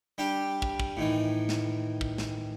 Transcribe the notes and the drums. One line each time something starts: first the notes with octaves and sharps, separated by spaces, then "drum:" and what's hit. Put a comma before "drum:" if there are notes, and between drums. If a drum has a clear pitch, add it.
G3 D4 G4 G5
drum: kick
drum: kick
A2 D#3 E3
drum: snare
drum: kick
drum: snare